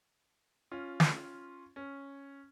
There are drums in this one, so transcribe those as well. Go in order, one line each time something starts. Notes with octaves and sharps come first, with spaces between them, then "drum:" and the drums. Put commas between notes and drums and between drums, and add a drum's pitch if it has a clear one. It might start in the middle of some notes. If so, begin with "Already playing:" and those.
C#4 F4
drum: snare
C#4